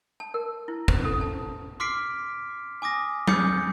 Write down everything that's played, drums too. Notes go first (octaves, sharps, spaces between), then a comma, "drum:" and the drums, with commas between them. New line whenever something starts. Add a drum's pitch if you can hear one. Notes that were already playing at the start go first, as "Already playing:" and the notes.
A5
A#4
E4
C5, drum: kick
A4
A5
C6 D6 F6 B6 C7 D7
G#5 D6 D#6 A#6
B5 D6 D#6 G6 C#7, drum: tom F#3